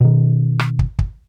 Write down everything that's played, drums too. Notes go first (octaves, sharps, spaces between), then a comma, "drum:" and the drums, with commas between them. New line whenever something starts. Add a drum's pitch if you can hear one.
B2 D#3
drum: rim click
drum: kick
drum: kick